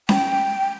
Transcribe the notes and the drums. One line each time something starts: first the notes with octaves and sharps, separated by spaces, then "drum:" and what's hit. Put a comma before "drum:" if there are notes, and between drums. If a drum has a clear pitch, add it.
G5, drum: snare C#4